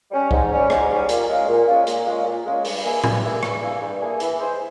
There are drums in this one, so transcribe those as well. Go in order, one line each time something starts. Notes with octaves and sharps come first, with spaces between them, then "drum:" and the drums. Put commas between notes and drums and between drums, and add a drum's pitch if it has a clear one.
G3 C#4
G#2, drum: kick
G3 C#4
G#2, drum: rim click
G3 C#4
A#2, drum: hi-hat
G#3 C#4 F4
A#2
G#3 C#4 F4
A#2, drum: hi-hat
G#3 C#4 F4
A#2
G#3 C#4 F4
G2, drum: open hi-hat
E3 A#3 E4 G#4
G2, drum: tom A2
E3 A#3 E4 G#4
G2, drum: rim click
E3 A#3 E4 G#4
G2
E3 A#3 E4 G#4
E3, drum: hi-hat
G#3 E4 G#4 C5